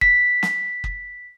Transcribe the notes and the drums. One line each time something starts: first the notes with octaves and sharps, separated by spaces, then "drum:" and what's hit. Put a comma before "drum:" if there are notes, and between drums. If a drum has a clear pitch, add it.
B6, drum: kick F#1
drum: snare
drum: kick F#1